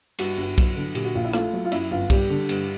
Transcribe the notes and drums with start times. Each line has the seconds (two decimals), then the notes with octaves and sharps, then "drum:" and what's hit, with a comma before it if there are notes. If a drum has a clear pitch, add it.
0.19 G2 F#4, drum: cymbal
0.38 G1
0.58 F#3, drum: kick B1, cymbal
0.76 D3
0.95 A#2 G4, drum: cymbal
1.05 F#4
1.15 A#1 F4
1.24 E4
1.33 A3 F4, drum: rim click
1.53 F#3
1.65 F4
1.72 F#2 E4, drum: cymbal
1.91 G1 F4
2.10 G3 G4, drum: kick B1, cymbal
2.30 D3
2.49 G2, drum: cymbal